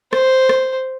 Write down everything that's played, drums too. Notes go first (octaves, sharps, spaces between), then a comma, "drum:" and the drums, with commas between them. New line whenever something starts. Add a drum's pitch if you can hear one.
C5, drum: rim click
drum: rim click